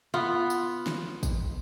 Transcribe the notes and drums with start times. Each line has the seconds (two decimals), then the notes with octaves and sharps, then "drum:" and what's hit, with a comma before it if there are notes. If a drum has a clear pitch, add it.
0.14 B3 F4
0.50 drum: tambourine
0.86 drum: snare
1.23 drum: kick A1, tambourine